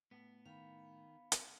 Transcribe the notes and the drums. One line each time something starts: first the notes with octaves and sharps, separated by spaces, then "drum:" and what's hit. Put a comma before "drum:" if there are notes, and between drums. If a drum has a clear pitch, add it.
A2 B3
D#3 F5 B5
drum: hi-hat